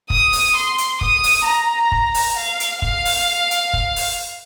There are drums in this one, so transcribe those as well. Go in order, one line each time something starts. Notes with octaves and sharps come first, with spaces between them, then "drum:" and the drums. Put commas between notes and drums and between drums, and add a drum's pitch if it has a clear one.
D#6, drum: kick F#1
drum: open hi-hat
C6
drum: hi-hat
D#6, drum: kick F#1
drum: open hi-hat
A#5
drum: kick F#1
drum: open hi-hat
F5
drum: hi-hat
F5, drum: kick F#1
drum: open hi-hat
drum: hi-hat
drum: kick F#1
drum: open hi-hat